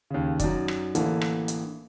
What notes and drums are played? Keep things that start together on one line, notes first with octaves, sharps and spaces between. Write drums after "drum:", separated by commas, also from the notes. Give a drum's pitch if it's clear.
D#2 C#3
F#2 D#4 D5, drum: kick, hi-hat
drum: rim click
A1 D3 E3 A#3 A4, drum: hi-hat
drum: rim click
drum: hi-hat